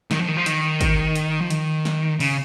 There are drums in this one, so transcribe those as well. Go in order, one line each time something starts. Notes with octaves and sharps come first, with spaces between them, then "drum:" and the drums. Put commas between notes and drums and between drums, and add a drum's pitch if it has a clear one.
D#3, drum: snare
F3
D#3
F3
D#3, drum: hi-hat
drum: kick, hi-hat
drum: hi-hat
F3
D#3, drum: hi-hat
drum: snare
C#3, drum: open hi-hat